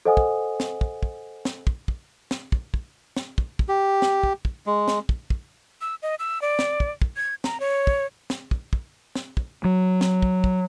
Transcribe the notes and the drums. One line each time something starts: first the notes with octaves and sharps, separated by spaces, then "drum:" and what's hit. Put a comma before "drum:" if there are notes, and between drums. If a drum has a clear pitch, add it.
A4 C5 D#5 F#5 G#5 D#6
drum: kick
drum: snare
drum: kick
drum: kick
drum: snare
drum: kick
drum: kick
drum: snare
drum: kick
drum: kick
drum: snare
drum: kick
drum: kick
G4
drum: snare
drum: kick
drum: kick
G#3
drum: snare
drum: kick
drum: kick
E6
D#5
E6
D5
drum: snare
drum: kick
drum: kick
G#6
A#5, drum: snare
C#5
drum: kick
drum: snare
drum: kick
drum: kick
drum: snare
drum: kick
F#3
drum: snare
drum: kick
drum: kick